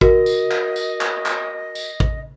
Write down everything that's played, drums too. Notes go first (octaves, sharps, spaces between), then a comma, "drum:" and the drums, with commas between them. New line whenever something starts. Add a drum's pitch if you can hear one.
F#4 A#4 D#5, drum: kick
drum: tambourine
drum: clap
drum: tambourine
drum: clap
drum: clap
drum: tambourine
drum: kick